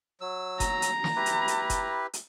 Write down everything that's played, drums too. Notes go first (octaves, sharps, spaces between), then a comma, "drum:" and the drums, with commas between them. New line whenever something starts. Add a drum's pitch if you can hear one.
F#3 E6
A#5, drum: kick F#1, hi-hat
drum: hi-hat
drum: snare
E4 G4 B4
drum: hi-hat
drum: hi-hat
drum: kick F#1, hi-hat
drum: hi-hat